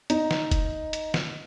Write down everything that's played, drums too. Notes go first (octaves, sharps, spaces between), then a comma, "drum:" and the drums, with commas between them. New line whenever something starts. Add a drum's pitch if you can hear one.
D#4, drum: hi-hat
drum: snare
drum: kick F1, hi-hat
drum: hi-hat
drum: snare